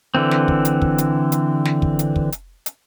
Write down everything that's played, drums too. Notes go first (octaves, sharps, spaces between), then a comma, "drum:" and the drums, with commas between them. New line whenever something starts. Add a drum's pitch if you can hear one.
D3 E3 C4
drum: snare
drum: kick
drum: hi-hat
drum: kick
drum: hi-hat
drum: hi-hat
drum: snare
drum: kick
drum: hi-hat
drum: kick
drum: hi-hat
drum: hi-hat